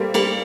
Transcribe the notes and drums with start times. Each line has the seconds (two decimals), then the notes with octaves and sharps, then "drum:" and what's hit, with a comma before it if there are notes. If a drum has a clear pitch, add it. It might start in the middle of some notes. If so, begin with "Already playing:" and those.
Already playing: G3 A3 A#3 C4
0.14 G3 A#3, drum: cymbal